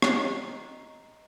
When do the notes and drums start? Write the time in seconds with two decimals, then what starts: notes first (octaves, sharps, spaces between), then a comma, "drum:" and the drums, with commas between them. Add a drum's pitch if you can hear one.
0.02 D#5 A#5, drum: rim click